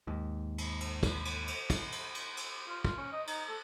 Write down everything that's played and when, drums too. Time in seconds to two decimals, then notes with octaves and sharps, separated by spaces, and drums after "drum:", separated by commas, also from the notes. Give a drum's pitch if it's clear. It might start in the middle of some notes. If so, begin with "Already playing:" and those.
0.07 D#2 G#2
0.58 drum: cymbal
0.80 drum: cymbal
1.03 drum: kick, cymbal
1.25 drum: cymbal
1.47 drum: cymbal
1.70 drum: kick, cymbal
1.92 drum: cymbal
2.15 drum: cymbal
2.37 drum: cymbal
2.68 F4
2.85 F4, drum: kick
2.97 C#4
3.12 D#5
3.27 D#4, drum: cymbal
3.49 A4